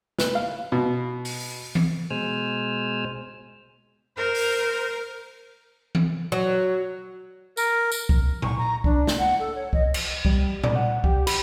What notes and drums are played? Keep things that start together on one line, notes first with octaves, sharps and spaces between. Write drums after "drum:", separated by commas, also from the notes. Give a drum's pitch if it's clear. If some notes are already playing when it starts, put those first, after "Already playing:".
B4, drum: snare
F5
B2
drum: open hi-hat
drum: tom E3
B2 G#3 C5 G#5 E6 F6
A#4 C5
drum: open hi-hat
drum: tom E3
F#3
A#4, drum: tambourine
drum: tambourine
drum: kick C2
C#6, drum: tom A#2
A#5
D4, drum: kick C2
drum: snare
F#5
A4
C#5
D#5, drum: kick C2
drum: cymbal
G3, drum: kick C2
D5, drum: tom A#2
F#5
G4, drum: kick C2
B5, drum: cymbal